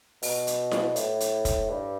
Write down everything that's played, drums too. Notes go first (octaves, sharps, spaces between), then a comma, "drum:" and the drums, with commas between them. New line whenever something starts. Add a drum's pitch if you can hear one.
B2, drum: open hi-hat
drum: hi-hat
drum: snare E4
A2, drum: hi-hat
drum: hi-hat
drum: kick, hi-hat
G2